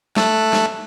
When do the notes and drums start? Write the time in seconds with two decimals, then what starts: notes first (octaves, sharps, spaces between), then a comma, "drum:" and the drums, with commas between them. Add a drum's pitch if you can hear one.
0.16 A3 A4 F#6, drum: snare
0.53 drum: snare